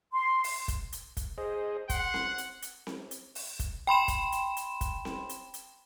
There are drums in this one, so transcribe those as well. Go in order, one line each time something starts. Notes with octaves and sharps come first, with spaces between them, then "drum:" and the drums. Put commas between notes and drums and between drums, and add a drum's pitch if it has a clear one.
C6
drum: open hi-hat
drum: kick, hi-hat
drum: hi-hat
drum: kick, hi-hat
G#4 C5 D#5
F#5 C6, drum: kick, hi-hat
drum: snare C4
drum: hi-hat
drum: hi-hat
drum: snare C4
drum: hi-hat
drum: open hi-hat
drum: kick, hi-hat
G5 B5 C6 E7
drum: kick, hi-hat
drum: hi-hat
drum: hi-hat
drum: kick, hi-hat
drum: snare C4
drum: hi-hat
drum: hi-hat